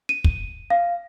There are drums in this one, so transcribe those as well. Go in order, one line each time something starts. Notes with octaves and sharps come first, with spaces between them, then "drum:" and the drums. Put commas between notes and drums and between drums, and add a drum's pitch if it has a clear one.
D#7
drum: kick
F5